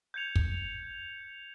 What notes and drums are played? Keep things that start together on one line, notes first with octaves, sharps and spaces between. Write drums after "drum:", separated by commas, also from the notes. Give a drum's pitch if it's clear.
G6 G#6 C#7 F7
drum: kick